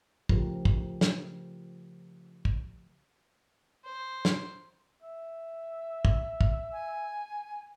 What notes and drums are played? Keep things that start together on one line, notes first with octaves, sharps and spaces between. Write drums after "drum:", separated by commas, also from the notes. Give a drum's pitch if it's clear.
C#3 F3 A3 G4 A#4, drum: kick
drum: kick
drum: snare
drum: kick
C5
drum: snare
E5
drum: kick
drum: kick
G#5